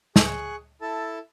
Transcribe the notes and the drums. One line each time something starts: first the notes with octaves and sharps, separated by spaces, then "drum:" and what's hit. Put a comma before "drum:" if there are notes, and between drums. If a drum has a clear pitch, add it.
G#4 C#6 F#6, drum: snare
E4 A4 A5